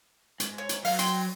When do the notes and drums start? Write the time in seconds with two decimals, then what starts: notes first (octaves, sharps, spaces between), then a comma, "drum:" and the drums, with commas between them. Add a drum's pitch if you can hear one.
0.40 G#2, drum: hi-hat
0.58 C#5
0.69 drum: hi-hat
0.85 F#3 F5, drum: open hi-hat
0.99 G5 C6, drum: hi-hat